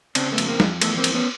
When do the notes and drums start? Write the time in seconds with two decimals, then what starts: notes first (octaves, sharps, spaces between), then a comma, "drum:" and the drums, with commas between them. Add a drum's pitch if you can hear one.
0.15 C#3 C4 D4, drum: cymbal
0.32 A3 B3
0.38 F2, drum: cymbal
0.48 A#3 C4
0.60 F2, drum: snare
0.82 E3 A3 B3, drum: cymbal
0.97 A#3 C4
1.04 F2, drum: cymbal
1.15 B3 C#4